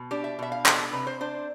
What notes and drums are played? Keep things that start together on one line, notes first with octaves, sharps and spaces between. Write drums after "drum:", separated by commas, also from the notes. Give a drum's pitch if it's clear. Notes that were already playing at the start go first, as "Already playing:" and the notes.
Already playing: B2
D4 G4
E5
B2 E5
F5
D4 G4, drum: clap
A4
C3 B4
C5
D4 C5